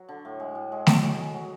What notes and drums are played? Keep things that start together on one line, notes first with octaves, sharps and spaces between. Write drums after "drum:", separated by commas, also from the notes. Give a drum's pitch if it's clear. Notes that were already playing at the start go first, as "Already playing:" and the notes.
Already playing: F#3
D3
A2
G#3
A2
G#3
F#3, drum: snare A3
G#4
G#4
F#3